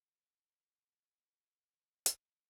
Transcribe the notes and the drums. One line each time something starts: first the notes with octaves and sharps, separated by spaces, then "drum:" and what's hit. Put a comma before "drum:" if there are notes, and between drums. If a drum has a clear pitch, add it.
F3 D#4 A4
drum: hi-hat